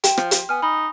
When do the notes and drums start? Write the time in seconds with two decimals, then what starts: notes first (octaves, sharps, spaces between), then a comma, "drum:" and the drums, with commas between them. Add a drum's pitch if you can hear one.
0.04 G5 E7, drum: hi-hat
0.17 F3, drum: rim click
0.31 drum: hi-hat
0.49 B3 G#5 F6
0.62 D#4 B5